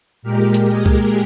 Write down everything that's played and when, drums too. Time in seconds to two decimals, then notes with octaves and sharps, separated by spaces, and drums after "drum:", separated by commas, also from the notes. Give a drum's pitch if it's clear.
0.22 A#2 G#3 G4 A#4
0.54 drum: hi-hat
0.70 G#4
0.86 drum: kick